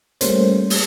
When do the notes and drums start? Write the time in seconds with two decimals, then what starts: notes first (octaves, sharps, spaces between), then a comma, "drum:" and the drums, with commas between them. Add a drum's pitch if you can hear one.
0.21 G3 A3 A#3 C#4 C5, drum: hi-hat
0.70 drum: open hi-hat